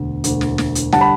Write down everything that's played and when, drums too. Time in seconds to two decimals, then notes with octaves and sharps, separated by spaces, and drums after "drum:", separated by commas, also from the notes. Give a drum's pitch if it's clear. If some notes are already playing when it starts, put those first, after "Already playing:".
Already playing: E1 D2 D3
0.24 E1 D2 D3, drum: hi-hat
0.41 drum: snare
0.58 drum: snare
0.75 drum: hi-hat
0.92 D3 G3 F#5 A5, drum: snare
1.01 B5